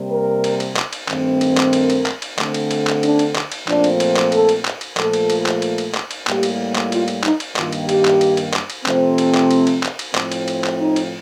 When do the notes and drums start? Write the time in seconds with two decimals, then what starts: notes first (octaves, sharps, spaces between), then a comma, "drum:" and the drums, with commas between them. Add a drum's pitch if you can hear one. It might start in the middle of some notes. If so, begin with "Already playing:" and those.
Already playing: C3 G3 A#3
0.11 A#4
0.44 drum: cymbal
0.60 drum: cymbal
0.76 drum: clap
0.93 drum: cymbal
1.08 G2 D#3 A3 C4, drum: clap
1.41 drum: cymbal
1.57 drum: clap
1.73 A#4, drum: cymbal
1.90 drum: cymbal
2.06 drum: clap
2.22 drum: cymbal
2.39 D3 A3 C4, drum: clap
2.54 drum: cymbal
2.71 drum: cymbal
2.87 drum: clap
3.03 D4, drum: cymbal
3.19 drum: cymbal
3.35 drum: clap
3.52 drum: cymbal
3.68 A#2 F3 A3 C4 D4, drum: clap
3.84 drum: cymbal
4.00 drum: cymbal
4.16 drum: clap
4.32 A4, drum: cymbal
4.49 drum: cymbal
4.65 drum: clap
4.81 drum: cymbal
4.97 A#2 F3 A3 A4, drum: clap
5.13 drum: cymbal
5.30 drum: cymbal
5.46 drum: clap
5.62 drum: cymbal
5.78 drum: cymbal
5.94 drum: clap
6.11 drum: cymbal
6.27 A2 G3 A#3 G4, drum: clap
6.43 drum: cymbal
6.75 drum: clap
6.92 F4, drum: cymbal
7.08 drum: cymbal
7.23 D#4, drum: clap
7.40 drum: cymbal
7.56 G2 D#3 A#3 F4, drum: clap
7.72 drum: cymbal
7.89 G4, drum: cymbal
8.05 drum: clap
8.21 drum: cymbal
8.37 drum: cymbal
8.53 drum: clap
8.70 drum: cymbal
8.86 C3 F3 A3 C4, drum: clap
9.18 drum: cymbal
9.34 drum: clap
9.51 drum: cymbal
9.67 drum: cymbal
9.83 drum: clap
9.99 drum: cymbal
10.15 A2 F3 C4, drum: clap
10.32 drum: cymbal
10.48 drum: cymbal
10.64 drum: clap
10.80 D#4
10.96 drum: cymbal